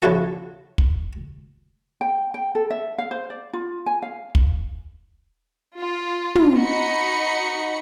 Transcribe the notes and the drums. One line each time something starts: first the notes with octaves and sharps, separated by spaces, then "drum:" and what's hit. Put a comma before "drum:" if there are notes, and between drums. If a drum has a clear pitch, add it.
C#3 F3 D4 E4 F#4 A4
drum: kick
G5
G5
A4
E5
F5
C5
D5
F4
G#5
F5
drum: kick
F4
drum: tom
D#4 F#4 D#5 B5 C#7